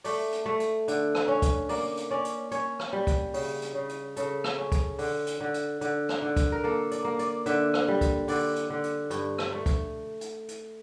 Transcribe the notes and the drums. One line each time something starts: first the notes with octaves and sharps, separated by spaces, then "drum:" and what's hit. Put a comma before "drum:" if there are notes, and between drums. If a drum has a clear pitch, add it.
A3 D5, drum: open hi-hat
drum: hi-hat
A3
drum: hi-hat
D3, drum: hi-hat
drum: rim click
C#4
drum: kick, hi-hat
A#3 D5, drum: open hi-hat
drum: hi-hat
C#4 D5
drum: hi-hat
C#4 C#5, drum: hi-hat
drum: rim click
G3
drum: kick, hi-hat
C#3, drum: open hi-hat
drum: hi-hat
C#3
drum: hi-hat
C#3 A4, drum: hi-hat
drum: rim click
C#4
drum: kick, hi-hat
D3, drum: open hi-hat
drum: hi-hat
D3
drum: hi-hat
D3, drum: hi-hat
drum: rim click
D3
drum: kick, hi-hat
A#4
A#3 A4
D5, drum: hi-hat
A#3
D5, drum: hi-hat
D3 E5, drum: hi-hat
drum: rim click
G3
drum: kick, hi-hat
D3 D5, drum: open hi-hat
drum: hi-hat
D3
drum: hi-hat
G2, drum: hi-hat
drum: rim click
A3
drum: kick, hi-hat
drum: hi-hat
drum: hi-hat